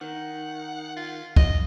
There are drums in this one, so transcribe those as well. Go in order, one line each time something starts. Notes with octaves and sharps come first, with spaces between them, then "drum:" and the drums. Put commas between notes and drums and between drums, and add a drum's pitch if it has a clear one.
D#3 F#5
F4
D#5, drum: kick